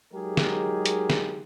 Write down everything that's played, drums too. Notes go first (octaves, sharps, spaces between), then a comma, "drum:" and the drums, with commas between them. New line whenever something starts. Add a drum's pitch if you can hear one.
F#3 G#3 D#4 G4 G#4 A#4
drum: snare
drum: hi-hat
drum: snare